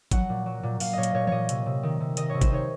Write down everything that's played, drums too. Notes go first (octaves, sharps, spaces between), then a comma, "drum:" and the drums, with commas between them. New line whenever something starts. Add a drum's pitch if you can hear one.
F#3 F#5, drum: kick G#1, hi-hat
A#2
F#3
A#2
A#2 F5, drum: open hi-hat
A#2 C#5 D#5
drum: hi-hat
A#2 C#5
A#2 C#5 D#5, drum: tom E3
C3, drum: hi-hat
C3
D#3
C3
D#3 D#5, drum: hi-hat
C3 C#5
C5, drum: kick G#1, hi-hat
D#4 C#5